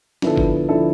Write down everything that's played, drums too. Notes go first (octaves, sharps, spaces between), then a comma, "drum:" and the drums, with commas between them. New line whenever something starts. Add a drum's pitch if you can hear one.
D3 F3 B3 E4 A4, drum: snare
drum: kick G1
D3 F3 B3 E4 A4